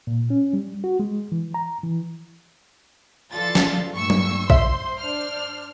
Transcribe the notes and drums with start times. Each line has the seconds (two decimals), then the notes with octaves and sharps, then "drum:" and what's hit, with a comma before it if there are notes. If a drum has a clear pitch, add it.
0.07 A#2
0.30 C#4
0.53 G3
0.84 F#4
1.00 G#3
1.32 E3
1.54 A#5
1.83 E3
3.32 E3 F3 F4 A4 D5 A6
3.55 drum: snare
3.95 G2 A#2 A3 C#6 E6
4.10 drum: tom F#3
4.50 C5 E5 C6, drum: kick A#1
4.98 D4 F6